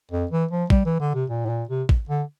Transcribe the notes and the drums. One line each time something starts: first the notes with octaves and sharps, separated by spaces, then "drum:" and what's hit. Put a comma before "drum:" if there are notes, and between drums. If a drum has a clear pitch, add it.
F2
E3
F3
G3, drum: kick A1
E3
D3
C3
A#2
A2
A#2
C3
drum: kick A1
D3